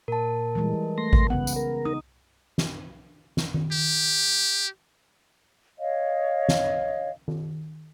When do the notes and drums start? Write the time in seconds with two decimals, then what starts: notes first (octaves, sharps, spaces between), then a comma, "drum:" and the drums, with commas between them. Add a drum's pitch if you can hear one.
0.08 A#2 A#4 A5
0.55 E3 G3 G#3
0.98 A3 C6 A#6
1.13 drum: kick G#1
1.30 C#3 B3 F#5
1.47 drum: tambourine
1.56 A#4
1.85 D#4 D#6
2.58 drum: snare
3.37 drum: snare
3.54 drum: tom D#3
3.72 G4
5.79 C#5 D#5 F5
6.49 drum: snare
7.28 drum: tom D#3